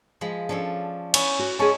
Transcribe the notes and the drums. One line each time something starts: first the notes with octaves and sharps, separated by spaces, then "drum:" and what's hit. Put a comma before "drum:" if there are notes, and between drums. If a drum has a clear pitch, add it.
F3 G#3 B5
F3 C#4 D4 A4
B3 C#4 E4 E5, drum: cymbal
F#4
G#3 C#4 G#4 E5 G5 A5